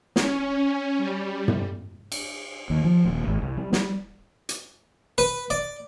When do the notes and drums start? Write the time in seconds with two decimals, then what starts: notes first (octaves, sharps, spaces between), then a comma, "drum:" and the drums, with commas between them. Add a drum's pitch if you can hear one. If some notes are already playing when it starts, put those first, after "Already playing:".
0.16 C#4, drum: snare
0.98 G3
1.48 drum: tom
2.12 drum: cymbal
2.70 D#2
2.84 F3
3.05 D#1
3.27 G#1
3.42 C2
3.57 G3
3.73 G3, drum: snare
4.49 drum: hi-hat
5.18 B4
5.50 D5